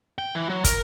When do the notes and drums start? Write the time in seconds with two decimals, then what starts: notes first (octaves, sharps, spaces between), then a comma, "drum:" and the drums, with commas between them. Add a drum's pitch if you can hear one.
0.18 G5
0.35 E3
0.49 F#3
0.64 A#4, drum: kick, hi-hat